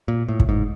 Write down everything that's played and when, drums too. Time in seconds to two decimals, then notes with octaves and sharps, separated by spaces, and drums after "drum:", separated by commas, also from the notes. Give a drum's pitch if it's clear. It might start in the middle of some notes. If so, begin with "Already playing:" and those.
0.08 A#2
0.28 A2
0.40 drum: kick
0.49 G#2